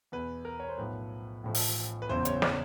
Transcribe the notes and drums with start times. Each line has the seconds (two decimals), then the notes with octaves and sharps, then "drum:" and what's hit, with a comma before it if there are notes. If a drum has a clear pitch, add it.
0.12 E2 B2 B4
0.45 A#4
0.60 C#5
0.68 C5
0.78 B1 A2 F3 B4
1.43 A1 A2 F3
1.54 drum: open hi-hat
2.02 B4
2.09 F#1 E2 C#3 E3 C5
2.25 C#5, drum: hi-hat
2.42 D5, drum: snare